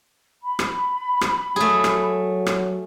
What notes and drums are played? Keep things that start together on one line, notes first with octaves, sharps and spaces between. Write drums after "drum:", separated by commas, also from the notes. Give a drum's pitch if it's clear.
B5
drum: rim click
drum: rim click
F#3 A3 G#4
drum: rim click
drum: rim click